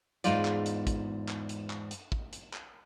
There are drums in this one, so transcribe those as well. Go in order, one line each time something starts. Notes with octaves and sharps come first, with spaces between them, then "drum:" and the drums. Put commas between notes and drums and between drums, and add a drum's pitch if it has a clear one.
E2 G#2 G#3 D#4 F4 D5, drum: hi-hat
drum: clap
drum: hi-hat
drum: kick, hi-hat
drum: clap
drum: hi-hat
drum: clap
drum: hi-hat
drum: kick
drum: hi-hat
drum: clap